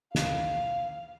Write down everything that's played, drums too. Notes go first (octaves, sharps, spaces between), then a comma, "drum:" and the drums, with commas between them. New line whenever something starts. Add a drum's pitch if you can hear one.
F5, drum: snare